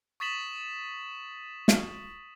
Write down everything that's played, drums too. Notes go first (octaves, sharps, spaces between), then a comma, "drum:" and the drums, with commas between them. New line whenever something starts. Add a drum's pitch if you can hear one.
C#6 D#6 A6 B6 E7 F#7
drum: snare